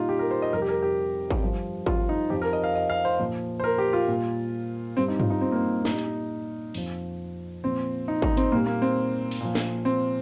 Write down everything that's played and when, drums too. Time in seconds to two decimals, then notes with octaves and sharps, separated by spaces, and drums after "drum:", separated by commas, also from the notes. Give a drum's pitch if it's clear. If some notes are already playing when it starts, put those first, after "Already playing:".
Already playing: A#2 G3 D#4 F4
0.09 G4
0.19 A#4
0.31 C5
0.42 D#5
0.53 F2 C3 G3 A#4
0.62 G4
0.68 A#4
0.82 G4
1.31 drum: kick G#1
1.42 G2 F3
1.86 F4, drum: kick G#1
2.09 D#4
2.30 F2 F3 G4
2.42 A#4
2.53 D#5
2.64 F5
2.75 D#5
2.90 F5
3.05 C5
3.19 A#2 F3
3.60 C5
3.64 A#4
3.78 G4
3.93 F4
4.08 A#2 G3
4.97 G2 G3 C4
5.08 D#4
5.20 F4, drum: tom G2
5.30 D#4
5.41 C4
5.52 A#3
5.56 C4
5.85 A#2 G3 D#4, drum: snare
5.99 drum: hi-hat
6.74 F2 F3, drum: open hi-hat
7.63 A#2 F3 C4
8.08 D#4
8.22 D#4, drum: kick G#1
8.37 C4, drum: hi-hat
8.52 A#2 G3 A#3
8.66 A#3
8.82 C4
9.31 drum: open hi-hat
9.41 A#2 F3
9.55 drum: snare
9.85 C4